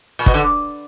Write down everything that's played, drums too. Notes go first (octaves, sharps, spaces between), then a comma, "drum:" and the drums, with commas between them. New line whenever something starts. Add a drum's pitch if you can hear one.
A#2
B2, drum: kick
D3